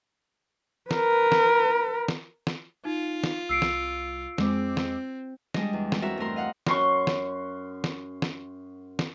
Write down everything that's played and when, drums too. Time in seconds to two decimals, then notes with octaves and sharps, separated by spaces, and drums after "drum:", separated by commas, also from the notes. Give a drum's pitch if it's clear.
0.91 A#4 B4, drum: snare
1.32 drum: snare
2.08 drum: snare
2.47 drum: snare
2.85 D#4 F4
3.24 drum: snare
3.49 C2 E6 C7 D7
3.62 drum: snare
4.38 F2 G#3 C4 D6, drum: snare
4.77 drum: snare
5.54 G3 G#3 D4 D#5, drum: snare
5.73 E2
5.92 drum: snare
6.02 C4 F#4 A#4 E5
6.17 G2 A3 A#4 C6
6.36 D#5 F5 F#5
6.67 F#2 C6 C#6, drum: snare
7.07 drum: snare
7.84 drum: snare
8.22 drum: snare
8.99 drum: snare